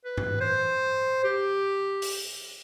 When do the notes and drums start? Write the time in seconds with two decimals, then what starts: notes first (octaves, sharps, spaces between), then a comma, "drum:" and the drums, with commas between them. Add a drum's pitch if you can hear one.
0.04 B4
0.17 drum: tom G2
0.40 C5
1.24 G4
2.02 drum: open hi-hat